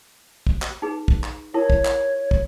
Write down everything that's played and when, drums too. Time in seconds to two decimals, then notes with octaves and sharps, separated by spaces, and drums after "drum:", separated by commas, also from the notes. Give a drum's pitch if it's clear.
0.47 drum: kick
0.62 drum: clap
0.82 D#4 G#4 B4
1.08 drum: kick
1.23 drum: clap
1.54 E4 A#4 C#5 A5
1.70 drum: kick
1.85 drum: clap
2.31 drum: kick